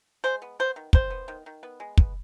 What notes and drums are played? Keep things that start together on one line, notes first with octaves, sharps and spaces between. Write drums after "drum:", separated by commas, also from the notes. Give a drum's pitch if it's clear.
G#3 C5
B3
B3 C5
D#3
D#3 C5, drum: kick
B3
D#3
D#3
B3
G#3
B3, drum: kick